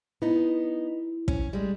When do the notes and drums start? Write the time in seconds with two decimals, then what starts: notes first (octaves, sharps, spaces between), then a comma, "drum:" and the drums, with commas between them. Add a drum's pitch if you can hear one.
0.22 B3 D#4 E4
1.28 C#4, drum: kick
1.53 G3 G#3